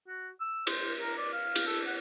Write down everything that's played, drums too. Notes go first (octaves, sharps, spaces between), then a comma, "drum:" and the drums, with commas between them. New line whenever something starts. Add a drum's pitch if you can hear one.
F#4
E6
C5, drum: cymbal
A#4
D5
F5
drum: cymbal
A4
F#5